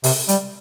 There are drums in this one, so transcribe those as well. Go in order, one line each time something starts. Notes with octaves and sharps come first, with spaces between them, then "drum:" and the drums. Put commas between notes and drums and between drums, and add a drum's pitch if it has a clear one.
C3, drum: open hi-hat
G3, drum: hi-hat